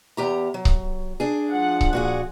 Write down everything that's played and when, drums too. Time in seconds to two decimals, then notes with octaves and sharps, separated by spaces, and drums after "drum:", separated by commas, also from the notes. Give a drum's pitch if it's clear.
0.17 E2 G4 A#5
0.54 F#3
0.65 drum: kick C#1
1.20 D4 G#4
1.52 F3 F#5
1.81 drum: kick C#1
1.93 A#2 F#4 G#4